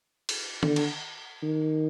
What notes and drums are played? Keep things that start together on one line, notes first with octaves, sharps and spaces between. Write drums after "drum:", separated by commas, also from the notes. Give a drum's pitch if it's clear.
drum: cymbal
D3, drum: tom D#3
drum: cymbal
D#3